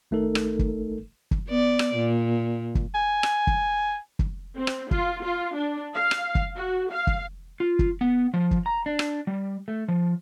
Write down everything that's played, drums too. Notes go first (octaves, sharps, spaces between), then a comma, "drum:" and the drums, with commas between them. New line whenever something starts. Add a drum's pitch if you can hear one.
G#1 A3 D#4 A4 A#4
drum: rim click
drum: kick
drum: kick
B3 D5
drum: rim click
A#2
drum: kick
G#5
drum: rim click
drum: kick
drum: kick
C4
drum: rim click
F4, drum: kick
F4
D4
F5
drum: rim click
drum: kick
F#4
F5
drum: kick
F4
drum: kick
B3
F3
drum: kick
A#5
D4
drum: rim click
G3
A3
F3